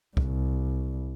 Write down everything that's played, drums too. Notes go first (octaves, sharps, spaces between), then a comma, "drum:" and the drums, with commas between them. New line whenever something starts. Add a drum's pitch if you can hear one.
C2, drum: kick